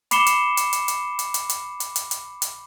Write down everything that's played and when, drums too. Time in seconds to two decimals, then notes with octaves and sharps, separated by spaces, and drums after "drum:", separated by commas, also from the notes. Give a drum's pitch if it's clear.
0.11 B5 D6 C7 C#7 E7 G7, drum: hi-hat
0.27 drum: hi-hat
0.57 drum: hi-hat
0.73 drum: hi-hat
0.88 drum: hi-hat
1.19 drum: hi-hat
1.34 drum: hi-hat
1.49 drum: hi-hat
1.80 drum: hi-hat
1.96 drum: hi-hat
2.11 drum: hi-hat
2.42 drum: hi-hat